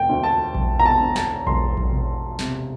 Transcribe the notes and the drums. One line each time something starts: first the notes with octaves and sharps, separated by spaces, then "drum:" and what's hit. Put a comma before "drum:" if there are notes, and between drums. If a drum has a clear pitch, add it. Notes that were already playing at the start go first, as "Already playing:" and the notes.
Already playing: E1 G5
D2
A5
E1, drum: kick A#1
A#5
A5
D2
A5, drum: snare
E1 C6, drum: kick A#1
drum: kick A#1
E1
C3, drum: snare